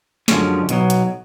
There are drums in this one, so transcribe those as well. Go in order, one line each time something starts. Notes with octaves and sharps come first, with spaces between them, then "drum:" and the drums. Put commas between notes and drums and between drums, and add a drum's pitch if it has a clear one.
F#2 D3 F3 G#3 C#4, drum: snare
B1 B2 F#3, drum: hi-hat
drum: hi-hat